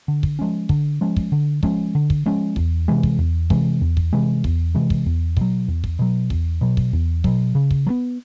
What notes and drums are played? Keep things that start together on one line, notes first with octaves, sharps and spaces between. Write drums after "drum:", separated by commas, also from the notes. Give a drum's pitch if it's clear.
D3
drum: kick
F3 G#3 C#4
D3, drum: kick
F3 G#3 C#4
drum: kick
D3
F3 G#3 C#4, drum: kick
D3
drum: kick
F3 G#3 C#4
E2, drum: kick
C3 E3 G#3
drum: kick
E2
C3 E3 G#3, drum: kick
E2
drum: kick
C3 E3 G#3
E2, drum: kick
C3 E3 G#3
drum: kick
E2
B2 F#3, drum: kick
E2
drum: kick
B2 F#3
E2, drum: kick
B2 F#3
drum: kick
E2
B2 F#3, drum: kick
C#3
drum: kick
F#3
B3